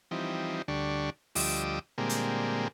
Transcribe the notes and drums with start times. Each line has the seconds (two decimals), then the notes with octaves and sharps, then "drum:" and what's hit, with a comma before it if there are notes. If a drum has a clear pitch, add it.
0.11 E3 F3 G3 C4 D#4
0.68 D2 D3 G3 D4 C#6
1.35 D2 F3 G3 D#5 D6 E6, drum: open hi-hat
1.98 A#2 D3 G3 G#3 A#3 C4
2.09 drum: hi-hat